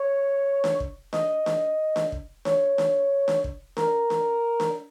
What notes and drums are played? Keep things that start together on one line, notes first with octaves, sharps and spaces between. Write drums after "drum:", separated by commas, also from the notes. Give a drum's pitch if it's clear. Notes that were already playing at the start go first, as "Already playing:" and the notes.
Already playing: C#5
drum: snare D4
drum: kick
D#5, drum: snare D4
drum: snare D4
drum: snare D4
drum: kick
C#5, drum: snare D4
drum: snare D4
drum: snare D4
drum: kick
A#4, drum: snare D4
drum: snare D4
drum: snare D4